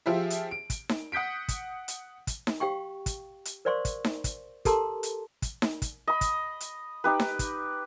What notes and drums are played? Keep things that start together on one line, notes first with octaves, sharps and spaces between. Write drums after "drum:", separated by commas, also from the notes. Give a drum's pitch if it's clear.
F3 F4 G4 G#4 E5
drum: hi-hat
D7
drum: kick, hi-hat
drum: snare D#4
F#5 D#6 G6 B6 D7
drum: kick, hi-hat
drum: hi-hat
drum: kick, hi-hat
drum: snare D#4
G4 F5 G5 C#6
drum: kick, hi-hat
drum: hi-hat
A#4 C5 D5 F5 C6 C#6
drum: kick, hi-hat
drum: snare D#4
drum: kick, hi-hat
G4 A4 A#4 A5 A#5 C6, drum: kick, hi-hat
drum: hi-hat
drum: kick, hi-hat
drum: snare D#4
drum: kick, hi-hat
D#5 B5
drum: kick, hi-hat
drum: hi-hat
D#4 G4 B4
drum: snare D#4
drum: kick, hi-hat